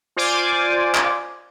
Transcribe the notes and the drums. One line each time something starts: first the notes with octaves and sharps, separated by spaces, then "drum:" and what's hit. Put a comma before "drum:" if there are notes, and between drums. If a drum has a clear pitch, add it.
F4 C5 D5 G#5 D6
drum: clap